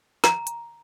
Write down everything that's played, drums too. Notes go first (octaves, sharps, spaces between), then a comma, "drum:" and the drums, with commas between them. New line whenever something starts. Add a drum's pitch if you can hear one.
A#5, drum: snare
drum: hi-hat